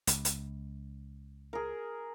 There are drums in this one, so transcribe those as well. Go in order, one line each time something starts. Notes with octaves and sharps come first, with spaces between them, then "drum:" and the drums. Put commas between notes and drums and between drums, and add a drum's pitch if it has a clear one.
C#2, drum: hi-hat
drum: hi-hat
G#4 A#4